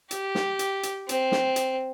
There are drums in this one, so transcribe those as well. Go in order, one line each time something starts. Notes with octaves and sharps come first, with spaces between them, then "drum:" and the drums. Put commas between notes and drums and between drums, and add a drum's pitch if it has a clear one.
G4, drum: hi-hat
drum: snare
drum: hi-hat
drum: hi-hat
C4, drum: hi-hat
drum: snare
drum: hi-hat